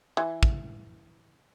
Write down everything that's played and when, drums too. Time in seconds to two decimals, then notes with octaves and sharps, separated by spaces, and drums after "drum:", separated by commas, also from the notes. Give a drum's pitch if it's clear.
0.17 E3
0.43 drum: kick